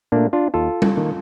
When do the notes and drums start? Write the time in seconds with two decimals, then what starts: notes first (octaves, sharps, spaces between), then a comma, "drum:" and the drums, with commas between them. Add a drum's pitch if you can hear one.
0.12 A#2 A3 A#3 D4
0.33 D4 F4
0.54 D#2 F4 A4
0.82 drum: tom
0.96 D#3 A#3